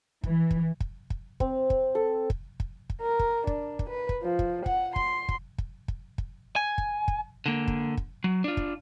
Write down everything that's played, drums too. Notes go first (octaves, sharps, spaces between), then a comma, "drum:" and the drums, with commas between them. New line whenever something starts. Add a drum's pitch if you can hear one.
E3, drum: kick
drum: kick
drum: kick
drum: kick
C4, drum: kick
drum: kick
A4
drum: kick
drum: kick
drum: kick
A#4
drum: kick
D4, drum: kick
drum: kick
B4
drum: kick
F3
drum: kick
F#5, drum: kick
C6, drum: kick
drum: kick
drum: kick
drum: kick
drum: kick
G#5
drum: kick
drum: kick
D3 A#3
drum: kick
drum: kick
F#3
D4 F4
drum: kick